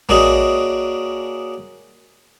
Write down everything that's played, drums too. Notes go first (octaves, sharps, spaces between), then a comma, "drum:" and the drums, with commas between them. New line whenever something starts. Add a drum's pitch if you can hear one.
A#3 C#4 D4 F#4 G#4 D#5, drum: tom A#1